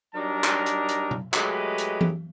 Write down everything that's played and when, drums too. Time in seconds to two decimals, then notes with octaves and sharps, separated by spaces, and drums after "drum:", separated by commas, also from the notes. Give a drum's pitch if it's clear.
0.15 F#3 G3 D4 D#4 A#4 A#5
0.44 drum: clap
0.66 drum: hi-hat
0.89 drum: hi-hat
1.11 drum: tom B2
1.34 F#3 G#3 A3 G4 B4 D#5, drum: clap
1.78 drum: hi-hat
2.01 drum: tom E3